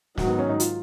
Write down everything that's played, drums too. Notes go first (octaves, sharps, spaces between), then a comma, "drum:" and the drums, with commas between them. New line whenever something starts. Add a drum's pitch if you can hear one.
G#2 D#3 F#3 F#4, drum: snare
B3
C#4
D#4
F4, drum: hi-hat